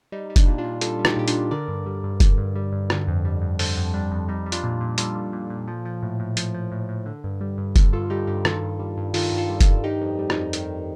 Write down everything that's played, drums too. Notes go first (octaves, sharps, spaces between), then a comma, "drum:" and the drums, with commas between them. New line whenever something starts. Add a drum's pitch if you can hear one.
G3 D#4
G3
D4, drum: kick F1, hi-hat
A#2
D4 F4
A#2
G3 F4 A4, drum: hi-hat
G3
D#4 G4, drum: rim click
A#2 G4
D4 F4, drum: hi-hat
A#2
D3 A#4 D5
G2
G3
G2
D3, drum: kick F1, hi-hat
G2
G3
G2
D3, drum: rim click
F2
G3
F2
D3 A4 C5, drum: open hi-hat
F2
G3 D4
F2
G3 D#4
G3
D4 F4, drum: hi-hat
A#2
A#2
G3 F4 A4, drum: hi-hat
G3
A#2
A#2
F3
F3
A2
A2
F3, drum: hi-hat
F3
A2
A2
D3
G2
G3
G2
D3, drum: kick F1, hi-hat
G2 F4 A4
G3 D#4 G4
G2 D#4 G4
D#3 F4 A4, drum: rim click
G2
G3
G2
D#3 F4 A4, drum: open hi-hat
G2
F4 A4
G3
F4 A4, drum: kick F1, hi-hat
G2
D#3 D#4 G4
F2
G3
D#4, drum: rim click
F2
D#3, drum: hi-hat